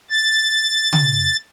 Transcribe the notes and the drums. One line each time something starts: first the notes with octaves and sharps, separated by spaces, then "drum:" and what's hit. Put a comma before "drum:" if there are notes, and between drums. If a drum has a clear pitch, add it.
A6
drum: tom C#3